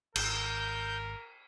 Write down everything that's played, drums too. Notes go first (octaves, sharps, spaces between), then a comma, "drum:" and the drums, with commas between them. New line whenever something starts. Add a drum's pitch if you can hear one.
G#1 A#4 G6, drum: cymbal